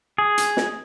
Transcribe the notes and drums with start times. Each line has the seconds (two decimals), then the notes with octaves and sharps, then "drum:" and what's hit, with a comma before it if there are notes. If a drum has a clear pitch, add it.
0.18 G#4
0.38 drum: hi-hat
0.57 drum: snare